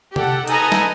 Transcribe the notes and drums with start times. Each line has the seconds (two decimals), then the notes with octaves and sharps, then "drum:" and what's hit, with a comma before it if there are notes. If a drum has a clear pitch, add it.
0.16 G4 A4 F#5, drum: tom C3
0.48 D#4 A4 B4 D#5 G#5 A#5, drum: hi-hat
0.72 drum: snare